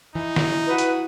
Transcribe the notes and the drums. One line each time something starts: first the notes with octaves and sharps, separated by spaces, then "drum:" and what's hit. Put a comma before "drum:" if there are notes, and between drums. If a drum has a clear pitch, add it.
E3 D#4
drum: snare
F#4 B4 D#6
drum: hi-hat